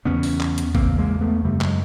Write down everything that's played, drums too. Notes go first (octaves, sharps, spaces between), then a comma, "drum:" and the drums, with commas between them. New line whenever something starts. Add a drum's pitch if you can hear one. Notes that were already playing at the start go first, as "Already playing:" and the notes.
E2 C#3 B3 C#4
drum: open hi-hat
drum: clap
drum: hi-hat
E2 C#3 A#3 C4, drum: kick
G#3 A#3
A3 B3
F#2 C#3 G3 A3
F#3 G#3, drum: clap